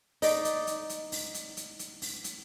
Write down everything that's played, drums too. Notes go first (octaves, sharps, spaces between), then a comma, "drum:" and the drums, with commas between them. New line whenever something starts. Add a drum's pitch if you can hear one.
D#4 D5, drum: open hi-hat
drum: hi-hat
drum: hi-hat
drum: hi-hat
drum: open hi-hat
drum: hi-hat
drum: hi-hat
drum: hi-hat
drum: open hi-hat
drum: hi-hat